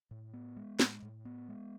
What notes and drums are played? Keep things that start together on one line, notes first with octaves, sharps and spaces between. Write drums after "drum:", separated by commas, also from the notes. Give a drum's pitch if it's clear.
A2
B3
G#3
A2, drum: snare
A2
B3
G#3